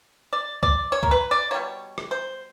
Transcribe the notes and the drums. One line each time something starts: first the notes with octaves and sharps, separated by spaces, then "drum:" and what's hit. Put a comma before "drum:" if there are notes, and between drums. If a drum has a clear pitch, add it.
D5
D5, drum: kick
C#5
A#4, drum: kick
B4
D5
B2 G3 A#3 C#5
drum: rim click
C5